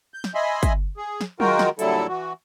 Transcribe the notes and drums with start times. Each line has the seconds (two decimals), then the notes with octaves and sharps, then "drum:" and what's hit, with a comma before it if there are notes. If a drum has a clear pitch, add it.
0.14 G6
0.24 drum: snare
0.35 D#5 E5 G#5 B5 C6
0.63 drum: kick, hi-hat
0.97 G#4
1.21 drum: snare
1.40 D#3 G#3 F4 F#4 A#4 G5, drum: tom F#3
1.59 drum: snare
1.79 A#2 D3 F#3 G3 E4 A4, drum: hi-hat
2.08 E3 F#4